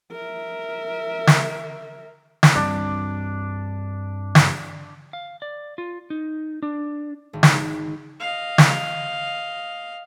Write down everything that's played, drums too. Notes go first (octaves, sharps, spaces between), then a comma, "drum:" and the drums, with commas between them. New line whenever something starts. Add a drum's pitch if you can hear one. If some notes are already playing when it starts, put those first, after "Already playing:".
A#4 E5
drum: snare
drum: snare
G2 G3 C4 D4
drum: snare
F5
D5
F4
D#4
D4
G#1
drum: snare
D#5 F5
drum: snare